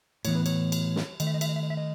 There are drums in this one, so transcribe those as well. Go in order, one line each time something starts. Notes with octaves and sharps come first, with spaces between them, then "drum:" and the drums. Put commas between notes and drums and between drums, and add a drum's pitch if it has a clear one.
A2 E3 B3 C#5, drum: cymbal
B4
C#5, drum: cymbal
drum: cymbal
drum: snare
D#3 A3 D#5, drum: cymbal
E5
D#5
E5, drum: cymbal
D#5
E5
D#5
E5
D#5